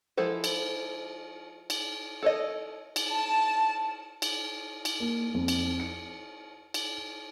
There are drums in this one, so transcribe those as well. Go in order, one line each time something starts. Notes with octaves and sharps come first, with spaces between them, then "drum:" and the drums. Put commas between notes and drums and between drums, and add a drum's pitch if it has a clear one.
F3 G#3 E4 A4 C5
drum: cymbal
drum: cymbal
A4 C#5 D#5
drum: cymbal
A5
drum: cymbal
drum: cymbal
A#3
F2
drum: cymbal
C#7
drum: cymbal